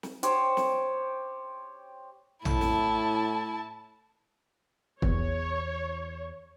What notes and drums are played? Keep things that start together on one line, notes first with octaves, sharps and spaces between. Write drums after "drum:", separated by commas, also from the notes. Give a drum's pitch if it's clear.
drum: snare
G4 C5 C#5 G5, drum: hi-hat
drum: snare
A2 E4 A5, drum: tom A#1
drum: snare
E2 C#5, drum: kick